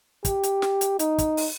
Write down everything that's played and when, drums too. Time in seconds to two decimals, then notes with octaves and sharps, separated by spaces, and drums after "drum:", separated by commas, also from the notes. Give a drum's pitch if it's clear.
0.25 G4, drum: kick, hi-hat
0.43 drum: hi-hat
0.62 drum: snare
0.81 drum: hi-hat
0.99 D#4, drum: hi-hat
1.18 drum: kick, hi-hat
1.37 drum: open hi-hat